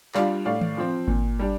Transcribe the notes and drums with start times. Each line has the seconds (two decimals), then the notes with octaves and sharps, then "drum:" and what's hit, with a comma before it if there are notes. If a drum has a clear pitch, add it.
0.15 G3 D4 F4 D5 F5, drum: clap
0.45 A2 D5 F5
0.61 drum: tom D#3
0.77 F3 C4
1.08 A#2, drum: kick G#1
1.39 G3 D4